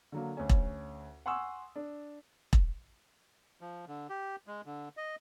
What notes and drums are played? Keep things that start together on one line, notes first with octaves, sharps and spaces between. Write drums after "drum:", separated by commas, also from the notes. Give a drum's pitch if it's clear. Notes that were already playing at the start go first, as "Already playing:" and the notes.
D3 F#3 A#3
D2 C#4
drum: kick E1
F#5 G#5 C6 C#6 D#6 E6
D4
drum: kick E1
F3
D3
G4
G#3
D3
D#5